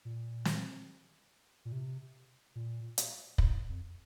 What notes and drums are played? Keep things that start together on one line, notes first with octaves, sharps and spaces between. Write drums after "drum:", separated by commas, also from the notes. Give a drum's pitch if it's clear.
A#2
drum: snare
A#2
C3
A#2
drum: hi-hat
A2, drum: kick
F2